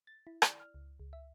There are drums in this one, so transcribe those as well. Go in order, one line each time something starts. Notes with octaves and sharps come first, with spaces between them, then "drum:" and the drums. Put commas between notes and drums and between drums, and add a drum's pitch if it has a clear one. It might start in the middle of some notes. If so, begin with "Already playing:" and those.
A6
E4
D5, drum: rim click
F6
C#2
C#2
E5